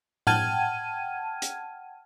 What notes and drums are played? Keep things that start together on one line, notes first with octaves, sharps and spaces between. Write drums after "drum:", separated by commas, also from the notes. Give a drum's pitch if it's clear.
F#5 G5 A5 F6 G#6 D#7, drum: tom A2
drum: hi-hat